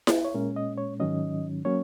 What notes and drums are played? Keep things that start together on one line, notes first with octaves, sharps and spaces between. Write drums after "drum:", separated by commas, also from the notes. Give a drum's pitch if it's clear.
drum: snare E4
C#5
A#2 G#3 C#4 A#4
D#5
C#5
G#2 D#3 F#3 C#4 D#5
F#3 A#3 C#4 C#5